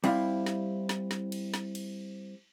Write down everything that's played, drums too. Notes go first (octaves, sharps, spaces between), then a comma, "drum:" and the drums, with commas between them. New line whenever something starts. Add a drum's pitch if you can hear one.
G3 C4 E4 F5, drum: cymbal
drum: snare
drum: snare
drum: snare
drum: cymbal
drum: snare
drum: cymbal